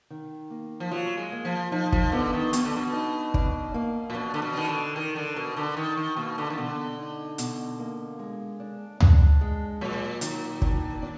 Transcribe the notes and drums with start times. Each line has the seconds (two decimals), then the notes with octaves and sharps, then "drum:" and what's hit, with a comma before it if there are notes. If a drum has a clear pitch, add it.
0.10 D#3
0.50 A#3
0.80 F3
0.91 F#3 F4
1.17 G#3
1.32 A#3
1.45 F3
1.71 F3 D#4
1.92 F3, drum: kick
2.12 D3 B3
2.33 D#3
2.53 B2 B3, drum: hi-hat
2.65 D3
2.77 B2
2.93 D#4
3.34 D4, drum: kick
3.74 A#3
4.10 A#2
4.15 B2 D4
4.34 D3
4.42 B2
4.55 D#3 D4
4.69 D3
4.96 D#3 A#4
5.16 D3
5.36 B2 A#4
5.57 D3
5.77 D#3 A#4
5.97 D#3
6.17 B2 A#3
6.38 D3
6.50 D#3
6.57 B2 D3
6.99 D#4
7.38 B2, drum: hi-hat
7.79 A#3
8.19 G#3
8.60 D4
9.00 D4, drum: tom
9.41 G#3
9.81 A#2 F#3
10.21 D#3, drum: hi-hat
10.62 D4, drum: kick
11.02 D4